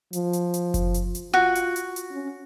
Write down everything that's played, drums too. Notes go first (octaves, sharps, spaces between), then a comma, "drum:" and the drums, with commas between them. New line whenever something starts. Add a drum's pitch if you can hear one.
F3, drum: hi-hat
drum: hi-hat
drum: hi-hat
drum: kick F#1, hi-hat
drum: hi-hat
drum: hi-hat
F4 F#4
drum: hi-hat
drum: hi-hat
drum: hi-hat
C#4